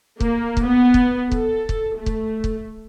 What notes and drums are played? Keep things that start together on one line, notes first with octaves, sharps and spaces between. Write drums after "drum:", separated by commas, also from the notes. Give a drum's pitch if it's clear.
A#3, drum: kick
drum: kick
B3
drum: kick
A4, drum: kick
drum: kick
A3
drum: kick
drum: kick